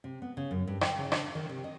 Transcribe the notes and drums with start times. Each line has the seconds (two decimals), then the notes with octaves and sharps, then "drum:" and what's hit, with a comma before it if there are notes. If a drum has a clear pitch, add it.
0.04 C3
0.22 B3
0.37 C#3
0.51 F#2
0.67 G2
0.81 G5, drum: rim click
0.98 C#3
1.12 D4, drum: rim click
1.35 D#3
1.49 C3
1.64 D#5